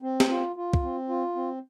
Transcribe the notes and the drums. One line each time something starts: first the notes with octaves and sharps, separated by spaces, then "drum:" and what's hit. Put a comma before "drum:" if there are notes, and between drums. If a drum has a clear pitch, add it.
C4
drum: snare
F4
F4
drum: kick
C4
F4
C4